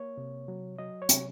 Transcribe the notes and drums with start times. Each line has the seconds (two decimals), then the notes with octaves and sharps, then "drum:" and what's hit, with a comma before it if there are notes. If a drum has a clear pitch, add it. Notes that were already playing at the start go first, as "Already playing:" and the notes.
Already playing: A#3 C#5
0.17 C3
0.48 F#3
0.79 F#3 D#5
1.02 C#5
1.09 C3, drum: hi-hat